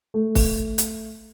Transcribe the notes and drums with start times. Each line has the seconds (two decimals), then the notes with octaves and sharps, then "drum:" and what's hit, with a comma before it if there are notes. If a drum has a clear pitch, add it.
0.14 A3
0.35 drum: kick, open hi-hat
0.78 drum: hi-hat